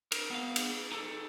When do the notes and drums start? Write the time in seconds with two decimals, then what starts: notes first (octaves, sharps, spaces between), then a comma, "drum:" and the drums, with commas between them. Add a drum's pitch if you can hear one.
0.12 A#4, drum: cymbal
0.30 B3 F5
0.56 drum: cymbal
0.92 D#4 A4